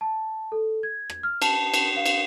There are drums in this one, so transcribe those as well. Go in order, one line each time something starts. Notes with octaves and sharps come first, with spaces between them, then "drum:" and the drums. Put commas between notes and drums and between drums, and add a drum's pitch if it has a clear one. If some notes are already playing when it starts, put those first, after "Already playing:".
A5
A4
G#6
drum: rim click
F6
A5, drum: cymbal
drum: cymbal
F5
drum: cymbal